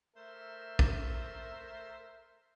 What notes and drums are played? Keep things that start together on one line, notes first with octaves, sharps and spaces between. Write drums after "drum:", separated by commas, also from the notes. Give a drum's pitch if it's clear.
A3 A#4 C5 E5
drum: kick